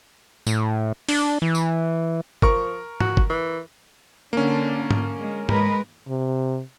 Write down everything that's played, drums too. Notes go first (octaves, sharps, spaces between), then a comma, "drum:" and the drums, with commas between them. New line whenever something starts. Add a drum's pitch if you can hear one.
A2, drum: tambourine
D4, drum: open hi-hat
E3
drum: tambourine
F3 A#4 C#6, drum: kick
F#4, drum: tom G#2
drum: kick
E3
D3 A#3 C#4 D4
drum: tom G#2
G#3
G#3 A#4 B4, drum: tom G#2
C3